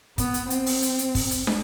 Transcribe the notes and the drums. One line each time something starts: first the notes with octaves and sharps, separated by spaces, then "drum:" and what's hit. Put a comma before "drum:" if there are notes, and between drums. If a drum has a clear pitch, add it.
B3, drum: kick, hi-hat
drum: hi-hat
C4, drum: hi-hat
drum: open hi-hat
drum: hi-hat
drum: hi-hat
drum: kick, open hi-hat
drum: hi-hat
drum: snare